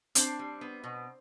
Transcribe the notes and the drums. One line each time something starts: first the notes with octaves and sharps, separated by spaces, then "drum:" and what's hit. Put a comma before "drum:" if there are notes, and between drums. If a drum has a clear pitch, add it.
C4 D4 C5, drum: hi-hat
G3
B3
B2